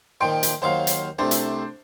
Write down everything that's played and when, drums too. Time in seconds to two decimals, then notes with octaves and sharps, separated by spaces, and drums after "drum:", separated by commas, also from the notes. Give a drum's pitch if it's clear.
0.21 A#2 D#3 F3 G5 C6
0.43 drum: hi-hat
0.62 D#2 F#3 C5 F5 D6
0.87 drum: hi-hat
1.19 C2 C3 A3 D4 C5
1.31 drum: hi-hat